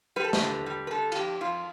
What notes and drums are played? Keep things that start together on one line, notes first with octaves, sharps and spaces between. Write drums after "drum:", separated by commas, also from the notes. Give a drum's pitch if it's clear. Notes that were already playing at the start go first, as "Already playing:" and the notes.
G3 B4
A4
B4, drum: snare
D3
G3
B4
D3 A4
F4, drum: cymbal
F2 G4
F2 F4